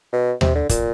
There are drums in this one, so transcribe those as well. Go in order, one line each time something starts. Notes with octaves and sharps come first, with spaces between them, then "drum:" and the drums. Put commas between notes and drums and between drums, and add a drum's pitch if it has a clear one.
B2
C3, drum: tom D#2
D3
A#2, drum: kick, hi-hat